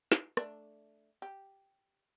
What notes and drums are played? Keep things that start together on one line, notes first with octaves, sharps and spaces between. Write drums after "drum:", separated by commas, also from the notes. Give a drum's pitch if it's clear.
drum: snare
A3 D4, drum: rim click
G4